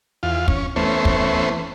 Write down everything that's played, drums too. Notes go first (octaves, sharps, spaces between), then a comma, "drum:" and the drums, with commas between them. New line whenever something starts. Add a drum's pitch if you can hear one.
E2 F4
C#4, drum: kick
E3 A3 B3 C#4 C5
drum: kick